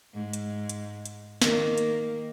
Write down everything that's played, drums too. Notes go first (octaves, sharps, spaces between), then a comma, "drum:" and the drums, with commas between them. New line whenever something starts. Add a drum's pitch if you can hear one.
G#2
drum: hi-hat
drum: hi-hat
drum: hi-hat
D#3 A#3, drum: snare
drum: hi-hat